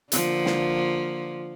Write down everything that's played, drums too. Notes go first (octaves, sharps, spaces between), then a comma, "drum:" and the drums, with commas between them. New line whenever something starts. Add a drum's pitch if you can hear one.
D3 F3 A#3, drum: hi-hat
drum: snare